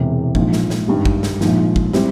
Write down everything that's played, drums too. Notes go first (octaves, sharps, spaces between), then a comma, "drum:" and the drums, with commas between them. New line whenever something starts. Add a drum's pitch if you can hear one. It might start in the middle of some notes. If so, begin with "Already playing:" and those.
Already playing: E1 E2 C3 E3
A#1 G#2 F3, drum: kick
drum: snare
drum: snare
G#1 G2 G3
drum: kick
drum: snare
A#1 G#2 F3, drum: snare
drum: kick
G3 C4 E4, drum: snare